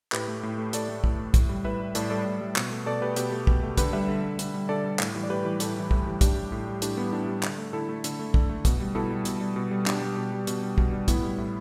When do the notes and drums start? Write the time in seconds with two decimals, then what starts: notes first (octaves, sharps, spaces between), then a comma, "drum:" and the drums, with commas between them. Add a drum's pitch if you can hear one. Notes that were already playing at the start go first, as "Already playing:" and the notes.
0.12 A2 G4 B4, drum: clap
0.28 A3
0.43 A2
0.58 A3
0.73 A2 A4 D5, drum: hi-hat
0.89 A3
1.04 A2, drum: kick
1.19 A3
1.34 A2, drum: kick, hi-hat
1.49 G3
1.64 A2 B4 E5
1.80 G3
1.95 A2 A4 D5, drum: hi-hat
2.10 G3 A4 D5
2.25 A2
2.41 G3
2.56 B2, drum: clap
2.71 A3
2.86 B2 A4 D5
3.02 A3 G4 B4
3.16 B2 G4 B4, drum: hi-hat
3.32 A3
3.47 B2, drum: kick
3.63 A3
3.77 D3 G4 B4, drum: kick, hi-hat
3.93 G3 B4 E5
4.08 D3
4.23 G3
4.39 D3, drum: hi-hat
4.54 G3
4.69 D3 A4 D5
4.84 G3
4.99 A2, drum: clap
5.15 E3 G3
5.23 D5
5.30 A2 G4 B4
5.45 E3 G3
5.60 A2 E4 A4, drum: hi-hat
5.76 E3 G3
5.91 A2, drum: kick
6.06 E3 G3
6.21 A2 D4 G4, drum: kick, hi-hat
6.37 G3
6.52 A2
6.67 G3
6.82 A2 D4 G4, drum: hi-hat
6.97 G3 B3 E4
7.12 A2 D4 G4
7.28 G3
7.43 D3, drum: clap
7.58 A3
7.73 D3 E4 A4
7.89 A3
8.04 D3, drum: hi-hat
8.19 A3
8.34 D3, drum: kick
8.50 A3
8.65 B2, drum: kick, hi-hat
8.80 G3
8.95 B2 E4 A4
9.10 G3
9.25 B2, drum: hi-hat
9.41 G3
9.56 B2
9.71 G3
9.86 B2 D4 G4, drum: clap
10.02 G3
10.17 B2
10.32 G3
10.47 B2, drum: hi-hat
10.62 G3
10.78 B2, drum: kick
10.93 G3
11.08 A2 B3 E4, drum: kick, hi-hat
11.23 G3
11.38 A2